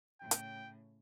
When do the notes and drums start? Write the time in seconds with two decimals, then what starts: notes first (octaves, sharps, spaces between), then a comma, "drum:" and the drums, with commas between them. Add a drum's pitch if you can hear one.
0.21 A2 C#3 G5
0.31 drum: hi-hat